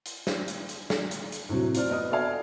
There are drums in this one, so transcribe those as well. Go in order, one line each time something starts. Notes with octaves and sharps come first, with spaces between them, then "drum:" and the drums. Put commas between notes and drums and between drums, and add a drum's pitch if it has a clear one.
drum: hi-hat
drum: snare
drum: hi-hat
drum: hi-hat
drum: snare
drum: hi-hat
drum: hi-hat
A2 C3 F#3
F4 C5 D5 F6, drum: hi-hat
B3 D#5 D#6
F#4 A4 D5 F5 G#5